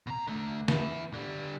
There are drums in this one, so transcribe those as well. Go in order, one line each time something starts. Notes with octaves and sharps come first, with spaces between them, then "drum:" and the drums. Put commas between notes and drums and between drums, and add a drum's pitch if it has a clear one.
B2 A#5
D3 A3
B3 E4, drum: snare
D3 G3